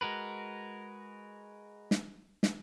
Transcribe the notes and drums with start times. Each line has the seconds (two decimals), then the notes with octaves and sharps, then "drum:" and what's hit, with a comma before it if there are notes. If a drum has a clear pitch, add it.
0.01 G#3 F#4 A#4 B4
1.91 drum: snare
2.43 drum: snare